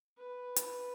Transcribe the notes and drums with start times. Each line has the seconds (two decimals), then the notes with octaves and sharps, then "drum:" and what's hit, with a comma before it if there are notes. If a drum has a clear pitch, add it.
0.18 B4
0.56 drum: hi-hat